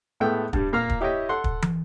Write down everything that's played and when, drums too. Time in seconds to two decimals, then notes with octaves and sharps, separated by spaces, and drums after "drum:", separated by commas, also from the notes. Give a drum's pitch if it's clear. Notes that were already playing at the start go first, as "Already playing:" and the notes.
0.20 A2 G#3 A3 B3 G5 E6
0.53 G2 G3, drum: kick
0.73 A#2 A#3 F5 A#5 F6
0.89 drum: kick
1.01 E4 G4 C#5 D#5 G5
1.29 A4 F#5 C6
1.44 drum: kick
1.62 drum: tom